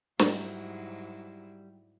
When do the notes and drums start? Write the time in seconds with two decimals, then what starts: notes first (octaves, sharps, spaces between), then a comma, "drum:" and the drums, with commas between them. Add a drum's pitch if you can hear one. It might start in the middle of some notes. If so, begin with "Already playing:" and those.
0.19 G#2 F#3 G3 E4, drum: snare